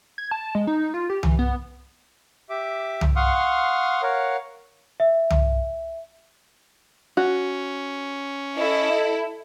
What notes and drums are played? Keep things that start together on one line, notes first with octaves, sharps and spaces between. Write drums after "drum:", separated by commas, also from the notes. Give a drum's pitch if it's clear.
G#6
A5
G#3
D#4
F4
G4
E3, drum: tom C2
B3
G4 E5 D6
drum: tom C2
F5 F#5 C6 C#6 D#6 F6
A#4 C#5 F5 F#5
E5
drum: tom C2
C#4 F#4
E4 A4 D#5